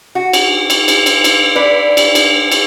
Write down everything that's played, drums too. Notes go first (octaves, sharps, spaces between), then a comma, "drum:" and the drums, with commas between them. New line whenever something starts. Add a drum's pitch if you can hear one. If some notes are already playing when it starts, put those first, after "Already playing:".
F#4
drum: cymbal
drum: cymbal
drum: cymbal
drum: cymbal
drum: cymbal
B4 D5
drum: cymbal
drum: cymbal
drum: cymbal